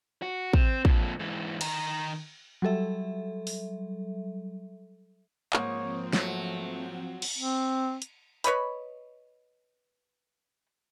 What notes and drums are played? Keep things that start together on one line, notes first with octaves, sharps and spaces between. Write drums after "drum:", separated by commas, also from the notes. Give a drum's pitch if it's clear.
F#4
C4, drum: kick
F2 A#2, drum: kick
G#2 E3
D#3 A#5, drum: cymbal
F#3 G3 A4 E5
drum: open hi-hat
G#2 F3 A#3 C4 C#5 D#6, drum: clap
F#3 A3, drum: snare
drum: cymbal
C4
drum: hi-hat
B4 C#5 D#5 B5, drum: hi-hat